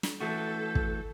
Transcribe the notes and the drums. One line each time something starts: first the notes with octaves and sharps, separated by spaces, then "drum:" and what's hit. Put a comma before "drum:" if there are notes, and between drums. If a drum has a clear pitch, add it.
drum: snare
E3 A3 F#4 A4 G6
drum: kick